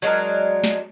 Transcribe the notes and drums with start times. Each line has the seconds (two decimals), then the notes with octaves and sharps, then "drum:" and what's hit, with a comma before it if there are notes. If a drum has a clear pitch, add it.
0.02 F#3 G#3 D4 A#4
0.64 drum: snare